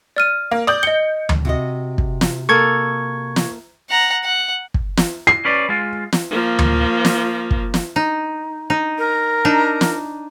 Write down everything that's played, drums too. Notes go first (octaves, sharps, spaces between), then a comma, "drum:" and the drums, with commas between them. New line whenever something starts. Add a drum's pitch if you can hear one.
D5 F6 D#7
A#3
D5 D#6 G6 F#7
D#5 C#7 G7
drum: tom D2
C3 F#4 D#5
drum: kick
drum: snare
A#3 A4 C#6 G#6
drum: snare
F#5 A#5
F#5
drum: kick
drum: snare
C7
C#4 B4 D5
G#3 F4
drum: snare
F3 A#3
drum: tom D2
drum: snare
drum: kick
drum: snare
D#4
D#4
A#4
D4 D#4
drum: snare